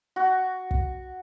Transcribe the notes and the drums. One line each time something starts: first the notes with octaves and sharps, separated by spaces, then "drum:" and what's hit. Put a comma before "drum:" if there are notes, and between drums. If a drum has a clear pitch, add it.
F#4
drum: kick